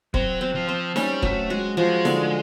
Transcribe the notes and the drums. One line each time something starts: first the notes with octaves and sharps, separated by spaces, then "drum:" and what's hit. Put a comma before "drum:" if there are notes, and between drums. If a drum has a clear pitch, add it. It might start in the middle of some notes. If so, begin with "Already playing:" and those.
F#3 C4, drum: kick
C4
F3
C4
G3 C#4, drum: snare D#4
F#3 A3, drum: kick
G#3 F#4
F3 G#3
D3, drum: snare D#4